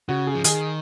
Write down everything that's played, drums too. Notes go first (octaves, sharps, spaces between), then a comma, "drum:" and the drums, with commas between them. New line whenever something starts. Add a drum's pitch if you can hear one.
C#3 F#4
G#4
F3
D#3 G#4, drum: hi-hat